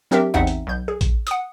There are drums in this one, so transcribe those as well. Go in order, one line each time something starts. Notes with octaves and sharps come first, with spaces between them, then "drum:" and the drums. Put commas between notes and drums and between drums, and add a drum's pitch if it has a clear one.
F#3 C4 D4 G4 A#4 E5
A1 E2 C4 D#4 E5 F#5
drum: hi-hat
B1 G6
G#4
drum: kick A1, hi-hat
F#5 D#6, drum: hi-hat